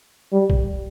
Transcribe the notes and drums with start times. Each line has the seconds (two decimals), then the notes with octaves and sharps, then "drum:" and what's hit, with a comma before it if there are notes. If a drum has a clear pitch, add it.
0.32 G3
0.50 drum: kick